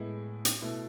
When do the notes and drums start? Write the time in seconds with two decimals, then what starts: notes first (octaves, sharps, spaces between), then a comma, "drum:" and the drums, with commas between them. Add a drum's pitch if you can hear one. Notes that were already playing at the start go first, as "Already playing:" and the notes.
Already playing: A2 G#3 B3 E4
0.45 drum: hi-hat
0.62 B2 A3 E4